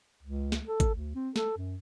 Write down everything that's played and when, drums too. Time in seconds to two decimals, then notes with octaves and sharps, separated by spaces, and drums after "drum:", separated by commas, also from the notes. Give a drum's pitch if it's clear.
0.23 C#2
0.52 drum: snare
0.68 A4
0.80 drum: kick G#1, hi-hat
0.95 D2
1.16 C4
1.36 A4, drum: snare
1.57 F#2